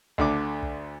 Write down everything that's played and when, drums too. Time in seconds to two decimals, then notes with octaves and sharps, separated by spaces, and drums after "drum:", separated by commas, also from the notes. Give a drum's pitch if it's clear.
0.18 D2 D3 D6, drum: kick
0.62 drum: kick